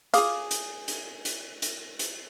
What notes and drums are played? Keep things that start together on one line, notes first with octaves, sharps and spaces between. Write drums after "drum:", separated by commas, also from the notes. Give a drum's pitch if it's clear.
F4 G#4 F5 D6 D#6, drum: hi-hat
drum: hi-hat
drum: hi-hat
drum: hi-hat
drum: hi-hat
drum: hi-hat